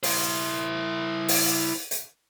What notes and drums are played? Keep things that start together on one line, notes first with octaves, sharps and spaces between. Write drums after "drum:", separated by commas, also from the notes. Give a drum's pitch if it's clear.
E4 C5, drum: open hi-hat
drum: open hi-hat
drum: hi-hat